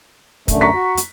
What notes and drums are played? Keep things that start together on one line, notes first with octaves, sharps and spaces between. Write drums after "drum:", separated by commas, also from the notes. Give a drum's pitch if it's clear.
F#2 D3 A3, drum: kick, hi-hat
A#5 C#6 B6
F#4
drum: hi-hat